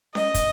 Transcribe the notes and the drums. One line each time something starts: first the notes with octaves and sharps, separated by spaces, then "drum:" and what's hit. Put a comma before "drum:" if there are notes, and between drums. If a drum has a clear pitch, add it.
D#5, drum: snare C#4
drum: kick, hi-hat